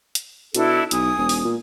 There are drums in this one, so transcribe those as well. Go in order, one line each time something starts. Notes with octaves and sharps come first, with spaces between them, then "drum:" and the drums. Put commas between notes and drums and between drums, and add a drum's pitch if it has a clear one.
drum: hi-hat
B2 D4 E4 A4, drum: hi-hat
B1 G#5 D#6, drum: hi-hat
E1
drum: open hi-hat
A#2